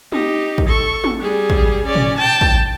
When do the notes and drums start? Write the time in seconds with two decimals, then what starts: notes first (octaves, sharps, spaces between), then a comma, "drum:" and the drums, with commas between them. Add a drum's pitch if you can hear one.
0.12 D#4 G4, drum: tom
0.58 drum: kick
0.68 A4 C#6
1.04 drum: tom
1.20 G3 G#4
1.50 drum: kick
1.85 C#4 D5
1.95 drum: tom
2.17 G5 A5
2.41 drum: kick